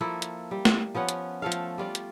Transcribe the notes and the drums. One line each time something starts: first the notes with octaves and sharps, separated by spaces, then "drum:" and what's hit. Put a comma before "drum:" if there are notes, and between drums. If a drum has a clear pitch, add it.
F3 A#3 E4 A4
drum: hi-hat
G3
drum: snare
F3 B3 C#4 F#5
drum: hi-hat
F3 A3 A4 F5
drum: hi-hat
G3 F4 D5
drum: hi-hat